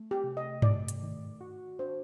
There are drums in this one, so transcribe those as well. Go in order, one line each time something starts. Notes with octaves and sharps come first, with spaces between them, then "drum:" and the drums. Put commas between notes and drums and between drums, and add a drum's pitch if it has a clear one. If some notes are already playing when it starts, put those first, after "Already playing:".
Already playing: A3
G4
C3
D#5
A3 D5, drum: tom G2
drum: hi-hat
D#3
F#4
D4 C5